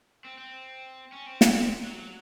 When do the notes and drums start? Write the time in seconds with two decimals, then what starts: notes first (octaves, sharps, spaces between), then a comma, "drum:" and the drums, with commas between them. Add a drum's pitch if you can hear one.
0.25 C4
0.38 C4
1.12 C#4
1.26 C4
1.41 drum: snare
1.56 C4
1.85 F#3
1.99 F#3